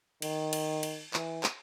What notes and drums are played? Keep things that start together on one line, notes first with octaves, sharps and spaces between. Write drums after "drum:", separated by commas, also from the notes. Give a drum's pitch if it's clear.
D#3, drum: cymbal
drum: cymbal
drum: cymbal
E3, drum: clap
drum: clap